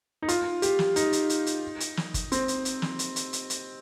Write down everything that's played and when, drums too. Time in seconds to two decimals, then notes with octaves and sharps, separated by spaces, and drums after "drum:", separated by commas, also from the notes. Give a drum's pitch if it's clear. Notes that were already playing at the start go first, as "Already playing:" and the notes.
0.22 D#4
0.28 F4, drum: hi-hat
0.62 G4, drum: hi-hat
0.79 drum: snare
0.96 D#4, drum: hi-hat
1.13 drum: hi-hat
1.30 drum: hi-hat
1.46 drum: hi-hat
1.80 drum: hi-hat
1.97 drum: snare
2.14 drum: kick G1, hi-hat
2.32 C4, drum: hi-hat
2.48 drum: hi-hat
2.65 drum: hi-hat
2.82 drum: snare
2.99 drum: hi-hat
3.16 drum: hi-hat
3.33 drum: hi-hat
3.50 drum: hi-hat